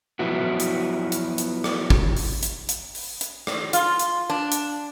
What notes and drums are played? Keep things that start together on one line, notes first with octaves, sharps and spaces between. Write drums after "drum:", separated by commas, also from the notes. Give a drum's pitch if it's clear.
F3 F#3 B3 E4 F#4
drum: hi-hat
drum: hi-hat
drum: hi-hat
drum: rim click
drum: kick
drum: open hi-hat
drum: hi-hat
drum: hi-hat
drum: open hi-hat
drum: hi-hat
drum: rim click
F4, drum: hi-hat
drum: hi-hat
D4
drum: hi-hat